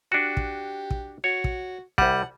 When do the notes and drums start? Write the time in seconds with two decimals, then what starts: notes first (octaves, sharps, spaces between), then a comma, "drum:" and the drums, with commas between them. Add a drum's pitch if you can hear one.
0.12 D4 F#4 G4
0.37 drum: kick
0.90 drum: kick
1.24 F#4 C#5
1.44 drum: kick
1.98 C2 G3 F#5, drum: kick